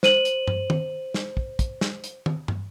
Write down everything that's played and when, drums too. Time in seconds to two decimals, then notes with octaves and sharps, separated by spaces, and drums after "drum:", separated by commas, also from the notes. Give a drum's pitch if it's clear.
0.03 C5 D#7 F#7, drum: snare
0.25 drum: hi-hat
0.48 drum: tom
0.70 drum: tom
1.14 drum: snare
1.37 drum: kick
1.59 drum: kick, hi-hat
1.81 drum: snare
2.04 drum: hi-hat
2.26 drum: tom
2.48 drum: tom